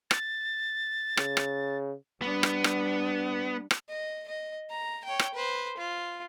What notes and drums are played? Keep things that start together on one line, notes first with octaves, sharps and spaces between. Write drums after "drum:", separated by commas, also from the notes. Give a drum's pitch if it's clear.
A6, drum: rim click
C#3, drum: rim click
drum: rim click
G3 B3 D4
drum: rim click
drum: rim click
drum: rim click
D#5
D#5
A#5
C#5 G5
drum: rim click
B4 C5
F4